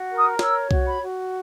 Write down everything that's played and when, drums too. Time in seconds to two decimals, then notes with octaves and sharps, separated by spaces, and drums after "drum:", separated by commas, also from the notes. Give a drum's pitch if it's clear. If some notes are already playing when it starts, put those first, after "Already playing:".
Already playing: F#4
0.09 A#4
0.17 D#6
0.39 C#5 E6, drum: snare
0.71 F#4, drum: kick C2
0.86 B5
1.01 F#4